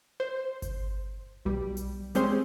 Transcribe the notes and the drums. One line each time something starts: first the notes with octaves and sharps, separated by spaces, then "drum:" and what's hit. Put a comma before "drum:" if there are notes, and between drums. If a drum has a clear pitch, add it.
C5
drum: kick G1, hi-hat
B1 G3
drum: hi-hat
G3 G#3 C4 C#4 G#4 C5, drum: hi-hat